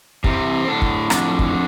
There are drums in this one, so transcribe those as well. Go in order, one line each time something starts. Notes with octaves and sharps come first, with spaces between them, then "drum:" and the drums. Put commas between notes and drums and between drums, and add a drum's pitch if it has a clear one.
C3 E3 C4, drum: kick
A2 D3 D4
drum: kick
F2 D3 D4, drum: rim click
drum: kick